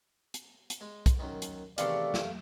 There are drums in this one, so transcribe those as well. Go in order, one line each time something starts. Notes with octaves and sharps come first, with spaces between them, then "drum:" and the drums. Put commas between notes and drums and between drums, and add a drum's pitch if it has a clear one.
drum: hi-hat
drum: hi-hat
G#3
drum: kick, hi-hat
F#2 D#3
drum: hi-hat
E2 C3 D#3 A3 D5 F5, drum: hi-hat
drum: snare